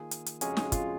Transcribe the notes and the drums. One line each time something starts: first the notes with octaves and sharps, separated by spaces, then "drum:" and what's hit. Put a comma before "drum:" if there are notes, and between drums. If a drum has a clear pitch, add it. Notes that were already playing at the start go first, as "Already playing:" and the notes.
Already playing: D#3 A#3 F4 G#4
drum: hi-hat
drum: hi-hat
F2 C#3 G#3 C#4 F#4 G#4, drum: hi-hat
G#4, drum: snare
F4, drum: kick, hi-hat